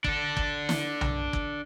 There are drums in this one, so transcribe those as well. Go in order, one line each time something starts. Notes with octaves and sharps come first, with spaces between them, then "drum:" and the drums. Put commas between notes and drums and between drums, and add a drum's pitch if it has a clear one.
D4 A4, drum: kick G1
drum: kick G1
drum: snare
drum: tom B1
drum: kick G1